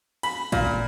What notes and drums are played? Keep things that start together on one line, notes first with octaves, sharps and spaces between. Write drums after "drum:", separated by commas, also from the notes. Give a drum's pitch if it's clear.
B5, drum: cymbal
A#2, drum: kick, cymbal